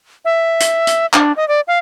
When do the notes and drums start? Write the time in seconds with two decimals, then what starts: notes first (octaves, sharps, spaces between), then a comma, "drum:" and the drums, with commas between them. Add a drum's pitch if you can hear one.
0.25 E5
0.60 drum: hi-hat
0.87 drum: hi-hat
1.14 D4, drum: clap
1.37 D#5
1.48 D5
1.68 F5